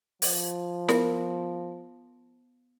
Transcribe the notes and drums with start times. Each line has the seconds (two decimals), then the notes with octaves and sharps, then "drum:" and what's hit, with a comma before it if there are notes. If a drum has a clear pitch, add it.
0.22 F3, drum: open hi-hat
0.89 B3 A#4, drum: snare